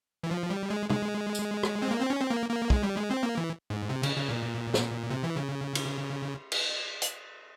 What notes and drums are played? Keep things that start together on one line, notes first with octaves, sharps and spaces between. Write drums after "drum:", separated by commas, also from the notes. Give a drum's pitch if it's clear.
E3
F3
G3
G#3
G#3, drum: tom
drum: tambourine
drum: rim click
C4
A#3
C4
C#4
C4
A#3
A#3
G#3, drum: kick
G3
G#3
C4
A#3
E3
G#2
C3
C#3, drum: cymbal
C#3
A#2
drum: snare
C3
E3
C#3
drum: cymbal
drum: cymbal
drum: hi-hat